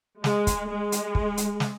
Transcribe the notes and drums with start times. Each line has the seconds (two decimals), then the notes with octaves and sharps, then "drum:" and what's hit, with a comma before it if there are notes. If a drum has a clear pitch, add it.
0.24 G#3, drum: snare
0.47 drum: kick, hi-hat
0.69 G#3
0.92 drum: hi-hat
1.15 drum: kick
1.37 drum: hi-hat
1.60 drum: snare